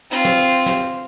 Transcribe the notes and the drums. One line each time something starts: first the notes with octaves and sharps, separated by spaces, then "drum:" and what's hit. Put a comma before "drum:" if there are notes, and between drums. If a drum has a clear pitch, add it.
C4 F4
drum: snare
drum: snare